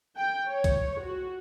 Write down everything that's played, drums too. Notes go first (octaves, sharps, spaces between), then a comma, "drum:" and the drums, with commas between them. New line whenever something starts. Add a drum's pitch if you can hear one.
G5
C#5
drum: kick C2, hi-hat
F#4